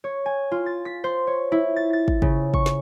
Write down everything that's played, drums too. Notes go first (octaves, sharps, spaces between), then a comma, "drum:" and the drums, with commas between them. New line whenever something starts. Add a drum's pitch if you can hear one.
C#5
G#5
F4
A6
B6
C5
C#5
E4
A6
A6
drum: kick
C#3, drum: kick
C#6, drum: kick
drum: snare